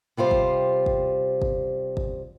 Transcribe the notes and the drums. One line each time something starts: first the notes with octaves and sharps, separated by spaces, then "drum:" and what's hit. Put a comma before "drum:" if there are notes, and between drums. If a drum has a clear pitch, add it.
C3 G3 F4 C5
drum: kick
drum: kick
drum: kick
drum: kick